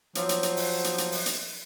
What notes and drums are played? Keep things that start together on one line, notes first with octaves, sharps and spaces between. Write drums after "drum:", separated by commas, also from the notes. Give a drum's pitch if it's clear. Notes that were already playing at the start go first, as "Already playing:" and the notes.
F3 F#3, drum: hi-hat
drum: hi-hat
drum: hi-hat
drum: open hi-hat
drum: hi-hat
drum: hi-hat
drum: open hi-hat
drum: hi-hat